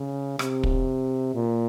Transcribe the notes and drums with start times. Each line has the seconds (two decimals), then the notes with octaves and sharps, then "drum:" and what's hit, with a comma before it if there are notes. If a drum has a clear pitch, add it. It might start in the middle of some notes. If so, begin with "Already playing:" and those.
Already playing: C#3
0.39 C3, drum: rim click
0.63 drum: kick
1.34 A#2